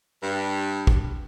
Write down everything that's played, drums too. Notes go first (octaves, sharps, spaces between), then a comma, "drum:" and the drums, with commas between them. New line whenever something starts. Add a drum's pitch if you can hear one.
G2
drum: kick